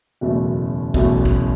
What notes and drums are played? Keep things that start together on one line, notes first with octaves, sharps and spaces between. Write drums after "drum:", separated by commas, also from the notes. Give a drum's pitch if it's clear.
F#1 E2 B2 A3
F#1 E2 B2 A3, drum: kick
drum: kick